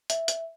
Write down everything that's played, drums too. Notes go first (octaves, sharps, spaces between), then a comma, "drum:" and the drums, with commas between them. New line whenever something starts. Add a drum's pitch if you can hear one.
E5, drum: hi-hat
drum: hi-hat